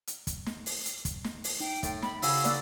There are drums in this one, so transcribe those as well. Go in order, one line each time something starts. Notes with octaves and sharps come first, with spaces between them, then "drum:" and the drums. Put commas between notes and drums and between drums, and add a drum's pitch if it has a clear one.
drum: hi-hat
drum: kick, hi-hat
drum: snare
drum: open hi-hat
drum: hi-hat
drum: kick, hi-hat
drum: snare
drum: open hi-hat
D#4 G5
A2, drum: kick, hi-hat
B5, drum: snare
C#3 D#4 F#4 G#5 E6, drum: open hi-hat
A#3 D5 F#5, drum: hi-hat